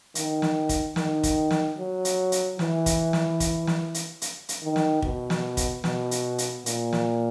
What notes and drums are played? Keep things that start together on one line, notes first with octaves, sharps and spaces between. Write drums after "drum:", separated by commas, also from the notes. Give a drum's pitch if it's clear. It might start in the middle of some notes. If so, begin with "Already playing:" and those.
D#3, drum: hi-hat
drum: snare
drum: kick, hi-hat
D#3, drum: snare
drum: kick, hi-hat
drum: snare
F#3
drum: hi-hat
drum: hi-hat
E3, drum: snare
drum: kick, hi-hat
drum: snare
drum: kick, hi-hat
drum: snare
drum: hi-hat
drum: hi-hat
drum: hi-hat
D#3
drum: snare
B2, drum: kick
drum: snare
drum: kick, hi-hat
B2, drum: snare
drum: hi-hat
drum: hi-hat
A#2, drum: hi-hat
drum: snare